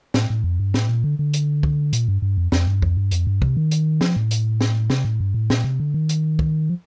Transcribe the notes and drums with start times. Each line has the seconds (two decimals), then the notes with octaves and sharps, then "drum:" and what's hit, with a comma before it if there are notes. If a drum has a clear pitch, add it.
0.14 A2, drum: snare
0.30 A2
0.44 F2
0.60 G2
0.74 A2, drum: snare
0.89 A#2
1.04 D3
1.19 D3
1.34 drum: hi-hat
1.63 drum: kick
1.93 A#2, drum: hi-hat
2.08 G2
2.22 G2
2.38 F2
2.52 F2, drum: snare
2.67 G2
2.82 F2, drum: kick
2.97 G2
3.11 F2, drum: hi-hat
3.27 G2
3.42 C3, drum: kick
3.57 D#3
3.71 drum: hi-hat
4.01 F3, drum: snare
4.16 A2
4.31 drum: hi-hat
4.61 drum: snare
4.90 C3, drum: snare
5.05 A2
5.20 G2
5.34 A2
5.50 A#2, drum: snare
5.64 C3
5.80 D3
5.94 D#3
6.09 drum: hi-hat
6.39 drum: kick
6.69 F3